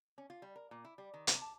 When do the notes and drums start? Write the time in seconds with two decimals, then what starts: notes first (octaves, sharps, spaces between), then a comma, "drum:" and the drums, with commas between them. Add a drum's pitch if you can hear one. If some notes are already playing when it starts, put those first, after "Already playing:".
0.18 C#4
0.30 F4
0.42 G3
0.56 A#4
0.71 A#2
0.85 E4
0.98 G3
1.14 D#3
1.27 C3, drum: hi-hat
1.42 A5